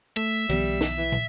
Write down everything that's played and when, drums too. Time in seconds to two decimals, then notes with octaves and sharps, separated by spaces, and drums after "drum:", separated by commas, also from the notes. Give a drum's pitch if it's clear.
0.17 A3 E5
0.49 B1 D#3 F3 G3 B3, drum: hi-hat
0.81 drum: snare
0.98 E3
1.12 drum: tom